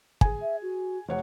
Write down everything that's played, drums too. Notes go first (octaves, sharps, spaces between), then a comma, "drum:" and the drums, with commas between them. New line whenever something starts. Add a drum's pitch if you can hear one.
G#4 G#5, drum: kick
E5
F#4
F1 C#5 F#5